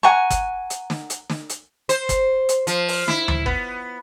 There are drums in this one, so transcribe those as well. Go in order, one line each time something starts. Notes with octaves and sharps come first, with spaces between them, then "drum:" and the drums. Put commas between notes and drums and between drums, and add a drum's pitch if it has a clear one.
F#5 G#5 A#5 C#6
drum: kick, hi-hat
drum: hi-hat
drum: snare
drum: hi-hat
drum: snare
drum: hi-hat
C5, drum: hi-hat
drum: kick, hi-hat
drum: hi-hat
F3, drum: hi-hat
drum: open hi-hat
E4, drum: snare
drum: tom D2
B3, drum: kick